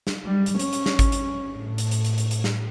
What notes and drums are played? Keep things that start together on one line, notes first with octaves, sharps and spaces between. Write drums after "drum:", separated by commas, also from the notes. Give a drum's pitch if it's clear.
drum: snare
G3
drum: hi-hat
C#4, drum: hi-hat
drum: hi-hat
drum: snare
drum: kick G#1, hi-hat
drum: hi-hat
A2
drum: hi-hat
drum: hi-hat
drum: hi-hat
drum: hi-hat
drum: hi-hat
drum: snare